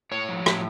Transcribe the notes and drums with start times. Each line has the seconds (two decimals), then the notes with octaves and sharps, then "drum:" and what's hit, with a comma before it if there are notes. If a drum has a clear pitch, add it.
0.12 A2 C#5
0.29 F3
0.46 A2, drum: rim click